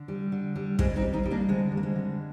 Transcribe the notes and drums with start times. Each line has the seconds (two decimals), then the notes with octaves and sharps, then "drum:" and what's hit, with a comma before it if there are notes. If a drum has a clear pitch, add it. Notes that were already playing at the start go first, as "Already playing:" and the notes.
Already playing: D3
0.08 G3
0.32 D3
0.56 G3
0.79 G3 G#3 C4, drum: kick
0.96 C4 D#4
1.02 G3
1.13 C4 D#4
1.23 G3 D#4
1.31 A#3 D4
1.49 D3 G#3 C4
1.72 G3
1.77 A#3
1.83 G#3 C4
1.95 D3